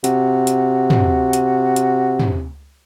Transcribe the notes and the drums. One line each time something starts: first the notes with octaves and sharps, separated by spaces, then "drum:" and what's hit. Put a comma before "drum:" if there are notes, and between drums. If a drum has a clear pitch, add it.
C3 F#4, drum: hi-hat
drum: hi-hat
drum: tom
drum: hi-hat
drum: hi-hat
drum: tom